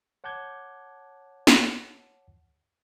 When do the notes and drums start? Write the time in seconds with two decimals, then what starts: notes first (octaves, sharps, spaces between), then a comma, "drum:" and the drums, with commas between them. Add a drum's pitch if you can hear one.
0.24 C#5 F#5 A5 D6 G6 G#6
1.47 drum: snare